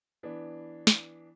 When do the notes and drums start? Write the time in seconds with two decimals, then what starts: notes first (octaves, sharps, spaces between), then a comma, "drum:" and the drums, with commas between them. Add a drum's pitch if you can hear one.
0.23 E3 B3 D4
0.87 drum: snare